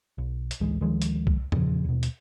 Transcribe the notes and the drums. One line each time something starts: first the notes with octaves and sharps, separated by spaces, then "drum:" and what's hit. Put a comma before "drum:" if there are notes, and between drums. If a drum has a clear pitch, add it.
B1
drum: hi-hat
A1 D2 E3 G#3
D2 D#3 F3 G#3
drum: hi-hat
drum: kick C2
E2 A#2 C#3 F3, drum: tom
D#2 B2
drum: hi-hat